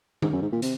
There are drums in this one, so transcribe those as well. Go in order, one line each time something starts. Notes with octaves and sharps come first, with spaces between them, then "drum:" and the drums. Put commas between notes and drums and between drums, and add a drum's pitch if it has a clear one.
G#2, drum: tom D#3
F#2
G#2
A#2
C3, drum: hi-hat